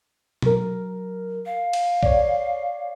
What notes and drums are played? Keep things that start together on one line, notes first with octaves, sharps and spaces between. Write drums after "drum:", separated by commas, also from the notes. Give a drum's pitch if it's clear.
F#3 A#4, drum: tom B2
F5
drum: cymbal
C#5 D5, drum: kick B1